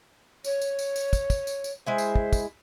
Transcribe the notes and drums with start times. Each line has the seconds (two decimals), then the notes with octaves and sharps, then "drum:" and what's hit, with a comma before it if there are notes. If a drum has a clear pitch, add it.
0.44 C#5, drum: tambourine
0.62 drum: tambourine
0.79 drum: tambourine
0.96 drum: tambourine
1.13 drum: kick, tambourine
1.30 drum: kick, tambourine
1.47 drum: tambourine
1.64 drum: tambourine
1.87 G#3 E4 C5 G#5
1.98 drum: tambourine
2.15 drum: kick
2.33 drum: kick, tambourine